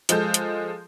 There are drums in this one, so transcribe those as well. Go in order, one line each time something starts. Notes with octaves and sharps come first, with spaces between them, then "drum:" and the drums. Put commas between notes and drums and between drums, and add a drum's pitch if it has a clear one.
F3 G#3 A4 G6, drum: hi-hat
drum: hi-hat